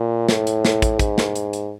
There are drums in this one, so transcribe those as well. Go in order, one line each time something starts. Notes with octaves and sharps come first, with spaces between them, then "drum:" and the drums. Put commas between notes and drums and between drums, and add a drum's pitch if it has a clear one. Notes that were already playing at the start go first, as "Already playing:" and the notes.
Already playing: A#2
A2, drum: snare
drum: hi-hat
drum: snare
drum: kick, hi-hat
G#2, drum: kick, hi-hat
drum: snare
drum: hi-hat
drum: hi-hat